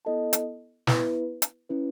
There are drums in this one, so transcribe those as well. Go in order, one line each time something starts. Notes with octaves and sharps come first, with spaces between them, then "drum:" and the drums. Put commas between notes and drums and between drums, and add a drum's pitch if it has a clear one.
B3 E4 A4 D#5 A5
drum: hi-hat
B3 E4 B4 E5, drum: snare
drum: hi-hat
C#4 E4 B4